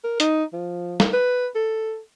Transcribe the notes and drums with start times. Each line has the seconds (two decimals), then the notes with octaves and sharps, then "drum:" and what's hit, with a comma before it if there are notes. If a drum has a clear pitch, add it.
0.04 A#4
0.20 D#4, drum: hi-hat
0.53 F3
1.00 drum: snare
1.13 B4
1.55 A4